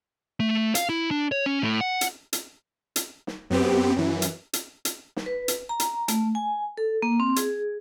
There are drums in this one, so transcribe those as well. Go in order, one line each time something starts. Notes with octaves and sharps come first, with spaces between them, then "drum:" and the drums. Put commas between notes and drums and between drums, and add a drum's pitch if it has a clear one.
A3
F5, drum: hi-hat
E4
D4
C#5
C#4
A2
F#5
drum: hi-hat
drum: hi-hat
drum: hi-hat
drum: snare
F#2 B3 C4 G4
F#2 E3
drum: hi-hat
drum: hi-hat
drum: hi-hat
drum: snare
B4
drum: hi-hat
A#5
drum: hi-hat
A3, drum: hi-hat
G#5
A4
A#3
C4
G#4, drum: hi-hat